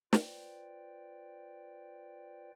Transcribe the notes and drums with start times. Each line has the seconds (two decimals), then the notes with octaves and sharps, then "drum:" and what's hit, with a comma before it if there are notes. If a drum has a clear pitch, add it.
0.13 F4 B4 C5 D5 G5, drum: snare